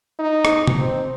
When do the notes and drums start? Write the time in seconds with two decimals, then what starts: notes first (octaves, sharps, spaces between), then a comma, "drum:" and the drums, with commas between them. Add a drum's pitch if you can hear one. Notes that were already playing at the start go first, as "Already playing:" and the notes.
0.19 D#4
0.45 drum: rim click
0.67 drum: tom C3
0.78 C4